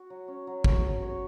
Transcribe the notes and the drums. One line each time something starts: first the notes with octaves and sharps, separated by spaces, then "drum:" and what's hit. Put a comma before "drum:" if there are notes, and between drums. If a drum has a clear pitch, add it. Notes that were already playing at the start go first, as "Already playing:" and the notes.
Already playing: F#4
F#3
C#4
F#3
F#4, drum: kick
C#5
C#5